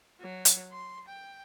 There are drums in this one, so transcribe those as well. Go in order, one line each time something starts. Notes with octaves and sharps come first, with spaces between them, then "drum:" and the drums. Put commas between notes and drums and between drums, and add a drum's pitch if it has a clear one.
F#3
drum: hi-hat
C6
G5